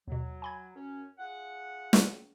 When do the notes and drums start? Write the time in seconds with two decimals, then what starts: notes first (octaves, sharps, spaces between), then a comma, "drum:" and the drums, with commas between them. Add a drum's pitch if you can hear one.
0.08 D#2 B2 F#3
0.42 G#5 B5 G#6
0.75 F#2 C#4
1.18 F4 G#4 F#5
1.93 drum: snare